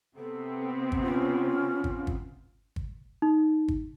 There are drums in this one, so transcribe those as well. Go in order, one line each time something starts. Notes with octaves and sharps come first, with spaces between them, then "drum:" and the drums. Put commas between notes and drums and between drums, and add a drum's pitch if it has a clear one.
C3 B3 C4 A4
drum: kick
C#4 F4
drum: kick
drum: kick
drum: kick
D#4
drum: kick